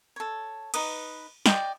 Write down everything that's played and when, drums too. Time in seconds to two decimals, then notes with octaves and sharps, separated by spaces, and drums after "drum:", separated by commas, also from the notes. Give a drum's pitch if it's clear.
0.16 A4 C#5
0.74 D#4 B4 D#6, drum: cymbal
1.46 D5 D#5 G5, drum: snare